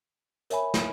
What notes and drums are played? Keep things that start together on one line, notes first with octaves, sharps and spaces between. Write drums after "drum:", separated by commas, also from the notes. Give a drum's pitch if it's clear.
A#4 C#5 E5 G#5 B5, drum: hi-hat
drum: snare